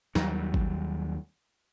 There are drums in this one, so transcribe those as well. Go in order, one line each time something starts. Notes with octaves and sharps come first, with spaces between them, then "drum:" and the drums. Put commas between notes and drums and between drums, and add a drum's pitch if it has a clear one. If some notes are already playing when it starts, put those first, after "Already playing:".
D#2 F#3 G3, drum: snare
drum: kick G#1